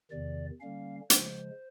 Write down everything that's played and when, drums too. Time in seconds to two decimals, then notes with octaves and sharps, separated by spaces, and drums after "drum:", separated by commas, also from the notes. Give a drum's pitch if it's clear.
0.11 E2 C3 D#3 D5
0.60 D3 G3 A#3 C#4 F5
1.10 C#3 F3 G#3 C5, drum: hi-hat